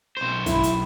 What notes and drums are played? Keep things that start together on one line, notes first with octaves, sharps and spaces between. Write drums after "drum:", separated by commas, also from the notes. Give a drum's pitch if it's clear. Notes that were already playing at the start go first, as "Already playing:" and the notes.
B1 C5
E4, drum: kick, hi-hat
drum: hi-hat